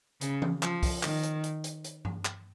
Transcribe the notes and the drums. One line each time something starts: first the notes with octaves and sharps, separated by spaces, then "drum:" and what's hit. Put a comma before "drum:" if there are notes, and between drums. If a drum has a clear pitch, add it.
C#3, drum: hi-hat
drum: tom E3
F3, drum: clap
drum: kick, open hi-hat
D#3, drum: clap
drum: hi-hat
drum: hi-hat
drum: hi-hat
drum: hi-hat
drum: tom G2
drum: clap